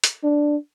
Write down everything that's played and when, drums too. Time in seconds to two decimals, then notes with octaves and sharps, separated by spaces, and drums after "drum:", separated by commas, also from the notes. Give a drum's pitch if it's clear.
0.04 drum: hi-hat
0.23 D4